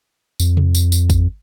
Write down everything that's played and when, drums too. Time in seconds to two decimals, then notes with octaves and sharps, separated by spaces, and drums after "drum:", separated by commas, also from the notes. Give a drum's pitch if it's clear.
0.40 F2, drum: tambourine
0.57 drum: tom C3
0.75 drum: tambourine
0.92 drum: tambourine
1.10 drum: kick, tambourine